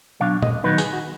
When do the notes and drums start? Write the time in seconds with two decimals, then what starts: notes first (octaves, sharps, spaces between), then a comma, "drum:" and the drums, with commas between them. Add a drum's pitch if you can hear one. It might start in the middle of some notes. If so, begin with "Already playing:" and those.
0.20 B2 F#3 D4 F5
0.43 D#5, drum: tom A#2
0.64 D#3 F#3 B3 D#4 B4
0.78 G#4, drum: tambourine
0.93 F#4